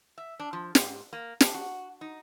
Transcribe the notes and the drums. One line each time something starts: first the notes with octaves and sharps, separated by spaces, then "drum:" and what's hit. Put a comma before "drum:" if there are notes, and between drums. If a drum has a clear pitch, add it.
E5
D4
F3
G#2, drum: snare
A#3
D4, drum: snare
F#4
D#4